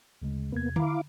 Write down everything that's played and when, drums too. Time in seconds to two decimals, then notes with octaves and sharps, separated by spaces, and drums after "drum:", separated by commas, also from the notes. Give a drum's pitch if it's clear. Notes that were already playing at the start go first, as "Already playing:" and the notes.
0.22 D2 C#3 G#3
0.52 E2 C3 A#3 B3 G#6
0.76 E4 F5 A#5 B5 D6, drum: tom D3